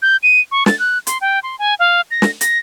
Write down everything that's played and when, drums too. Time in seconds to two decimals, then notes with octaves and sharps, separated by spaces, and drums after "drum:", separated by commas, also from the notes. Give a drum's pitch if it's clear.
0.02 G6
0.23 D#7
0.51 C#6
0.66 A6, drum: snare
0.79 F#6
1.07 C6, drum: hi-hat
1.21 G5
1.43 C6
1.59 G#5
1.79 F5
2.11 A#6
2.22 drum: snare
2.41 A#6, drum: hi-hat